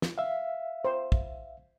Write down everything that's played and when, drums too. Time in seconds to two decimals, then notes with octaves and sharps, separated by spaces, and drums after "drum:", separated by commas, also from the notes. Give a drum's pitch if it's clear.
0.02 drum: snare
0.18 E5 F5
0.85 C5
1.12 drum: kick